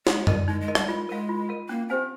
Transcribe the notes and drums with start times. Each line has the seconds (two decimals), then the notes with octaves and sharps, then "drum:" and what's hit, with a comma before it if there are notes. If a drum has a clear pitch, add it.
0.07 G#3 D#4, drum: snare
0.27 G3 A#4 D#5, drum: tom F#2
0.48 G#3 D#4
0.61 G#3
0.68 A#4 D#5
0.75 G3, drum: rim click
0.88 G#3 F4
1.09 G#3 A#4 F5
1.29 F4
1.49 A#4 F5
1.69 A#3 C#4
1.89 C4 G4 C5 F5 G#5